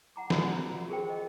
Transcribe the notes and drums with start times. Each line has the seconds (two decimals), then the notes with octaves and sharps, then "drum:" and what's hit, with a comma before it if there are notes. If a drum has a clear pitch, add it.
0.16 F#5 A#5 D6
0.30 F4 F#4 E5, drum: snare
0.52 A#5
0.89 G4 G#4 A#4 C5 G5
1.10 D#5